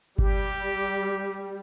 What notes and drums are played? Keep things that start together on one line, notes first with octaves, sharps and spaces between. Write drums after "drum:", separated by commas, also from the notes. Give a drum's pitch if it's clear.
G3 G4, drum: kick G1